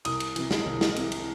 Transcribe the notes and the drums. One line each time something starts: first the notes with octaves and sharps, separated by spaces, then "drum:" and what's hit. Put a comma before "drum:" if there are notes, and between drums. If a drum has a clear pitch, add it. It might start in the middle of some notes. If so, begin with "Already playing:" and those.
C2 D#6, drum: cymbal
drum: cymbal
C3 E3, drum: cymbal
drum: snare
C2, drum: tom D#3
drum: snare
C3 E3, drum: cymbal
drum: cymbal